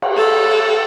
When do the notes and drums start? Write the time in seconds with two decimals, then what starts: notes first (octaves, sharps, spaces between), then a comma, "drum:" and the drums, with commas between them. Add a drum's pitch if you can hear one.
0.02 drum: cymbal
0.17 A4